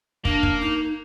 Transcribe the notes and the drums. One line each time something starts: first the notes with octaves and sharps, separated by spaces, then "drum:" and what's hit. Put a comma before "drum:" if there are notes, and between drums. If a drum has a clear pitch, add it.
A#3 D4, drum: kick
drum: kick
D#4